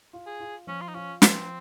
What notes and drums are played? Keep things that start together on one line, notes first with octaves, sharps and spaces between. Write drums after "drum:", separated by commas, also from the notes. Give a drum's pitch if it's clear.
F4
G#4
F4
F3 C#4
F4
D#4
C#4 F4
F3 C4, drum: snare